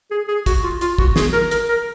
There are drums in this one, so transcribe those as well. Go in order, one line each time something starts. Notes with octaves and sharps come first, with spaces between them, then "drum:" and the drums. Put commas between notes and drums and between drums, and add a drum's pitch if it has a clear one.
G#4
G#4
F#4, drum: kick, hi-hat
F4
F4, drum: hi-hat
F#4, drum: kick
G#4, drum: snare
A#4
A#4, drum: hi-hat
A#4